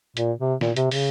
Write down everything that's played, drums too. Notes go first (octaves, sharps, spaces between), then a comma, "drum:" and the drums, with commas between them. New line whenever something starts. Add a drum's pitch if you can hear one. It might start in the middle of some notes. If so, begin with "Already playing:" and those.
A#2, drum: hi-hat
C3
A#2, drum: snare
C3, drum: hi-hat
C#3, drum: open hi-hat